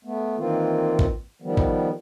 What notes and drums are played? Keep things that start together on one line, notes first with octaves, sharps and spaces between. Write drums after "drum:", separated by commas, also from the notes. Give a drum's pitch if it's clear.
A3 B3
D#3 E3 A#3 C4 F4
drum: kick
D#3 F3 G3 B3
drum: kick